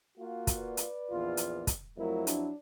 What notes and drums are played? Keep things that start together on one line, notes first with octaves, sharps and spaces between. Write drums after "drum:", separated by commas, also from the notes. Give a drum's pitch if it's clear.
A#3 F4 F#4
drum: kick, hi-hat
B4 D5
drum: hi-hat
A#1 E2 F4
drum: hi-hat
drum: kick, hi-hat
F2 F#3 A3 E4 A#4
D4, drum: hi-hat